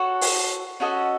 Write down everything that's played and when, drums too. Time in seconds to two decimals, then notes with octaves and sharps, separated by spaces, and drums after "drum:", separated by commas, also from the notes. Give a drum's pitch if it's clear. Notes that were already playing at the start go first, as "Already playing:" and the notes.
Already playing: F#4 A4 C#5 F#5
0.21 drum: open hi-hat
0.80 C#4 F#4 A4 D#5